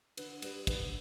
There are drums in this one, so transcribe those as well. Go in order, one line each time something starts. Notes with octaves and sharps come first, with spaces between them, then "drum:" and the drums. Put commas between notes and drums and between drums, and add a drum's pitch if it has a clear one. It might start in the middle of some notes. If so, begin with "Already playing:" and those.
D3 B4, drum: cymbal
G3 B4, drum: cymbal
D3 B4, drum: kick, cymbal